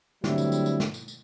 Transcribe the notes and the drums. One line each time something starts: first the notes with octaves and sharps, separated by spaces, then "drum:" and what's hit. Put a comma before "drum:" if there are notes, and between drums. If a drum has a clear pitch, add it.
D3 F#3 G3 A3 C4 E4, drum: snare
drum: tambourine
drum: tambourine
drum: tambourine
drum: snare
drum: tambourine
drum: tambourine